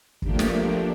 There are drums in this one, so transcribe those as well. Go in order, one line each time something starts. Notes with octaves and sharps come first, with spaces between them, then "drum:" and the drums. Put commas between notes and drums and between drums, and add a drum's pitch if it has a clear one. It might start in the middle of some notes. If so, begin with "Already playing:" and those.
F3 A3 A#3 D4 G4, drum: kick
drum: snare